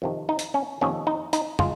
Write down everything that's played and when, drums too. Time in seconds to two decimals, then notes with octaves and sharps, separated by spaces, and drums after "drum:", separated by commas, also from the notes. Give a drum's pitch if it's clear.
0.02 F2 C3 D#3
0.29 D#4
0.39 drum: hi-hat
0.54 C#4
0.81 F2 C3 D#3 A#3 C#4
1.07 D#4
1.33 D#4, drum: hi-hat
1.59 G#3 F4, drum: tom